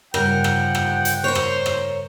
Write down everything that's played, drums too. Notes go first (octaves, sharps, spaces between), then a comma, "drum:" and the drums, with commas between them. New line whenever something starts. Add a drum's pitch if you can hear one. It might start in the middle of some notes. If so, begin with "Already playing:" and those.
G1 G2 C#3 F3 G3 A#4 F#5 G5, drum: rim click
drum: rim click
drum: rim click
drum: hi-hat
A#4 C5 C#5
drum: rim click
drum: rim click